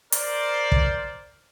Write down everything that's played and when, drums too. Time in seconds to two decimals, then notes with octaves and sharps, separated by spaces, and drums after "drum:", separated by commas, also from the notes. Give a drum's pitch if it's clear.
0.12 A#4 C5 D5, drum: hi-hat
0.72 drum: kick